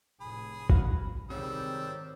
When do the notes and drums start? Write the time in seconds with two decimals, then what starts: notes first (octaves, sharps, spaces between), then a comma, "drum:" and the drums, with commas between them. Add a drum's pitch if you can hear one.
0.20 F1 A2 G#4 B5
0.70 F#4 F5, drum: kick
1.30 G#2 C3 D#3 G3 C4 C#5 E6